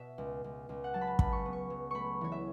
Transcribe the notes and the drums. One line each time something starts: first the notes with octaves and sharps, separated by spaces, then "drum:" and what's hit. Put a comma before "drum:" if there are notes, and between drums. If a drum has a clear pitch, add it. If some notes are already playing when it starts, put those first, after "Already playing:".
Already playing: B2 E5
C#2
C#2
C#2
F#5
F#3 A5
B5
A5
C#2 B5, drum: kick
C#6
B3
C#6
F#3
A3 B5 C#6
E3 C#5
E5